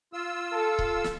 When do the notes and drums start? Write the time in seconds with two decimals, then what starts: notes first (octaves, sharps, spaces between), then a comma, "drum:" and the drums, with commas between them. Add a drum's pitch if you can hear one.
0.13 F4 E6
0.53 A4
0.79 drum: kick C#1
1.04 drum: snare